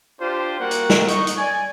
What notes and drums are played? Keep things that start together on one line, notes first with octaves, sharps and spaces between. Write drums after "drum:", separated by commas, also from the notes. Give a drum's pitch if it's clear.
D4 F4 G4 C5
G3 A#3 F#4 A#4 F#5
drum: hi-hat
drum: snare
D#4 D#5 C#6, drum: hi-hat
drum: hi-hat
D5 G#5